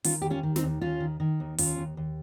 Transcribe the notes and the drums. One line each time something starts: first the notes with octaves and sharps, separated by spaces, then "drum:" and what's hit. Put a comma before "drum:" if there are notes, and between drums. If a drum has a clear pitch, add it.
D#3 C#4 F4, drum: open hi-hat
D#2 G4
C#4 F4
D#3
C4 D#4, drum: snare
D#2
D#2 C#4 F4
D#3
D#3
D#2
D#2 C#4 F4, drum: open hi-hat
D#2
D#2